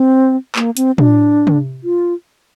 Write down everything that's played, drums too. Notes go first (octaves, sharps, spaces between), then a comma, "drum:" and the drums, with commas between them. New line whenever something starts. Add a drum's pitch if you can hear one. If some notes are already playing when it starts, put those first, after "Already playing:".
Already playing: C4
A#3, drum: clap
C4, drum: hi-hat
D4, drum: tom
drum: tom
F4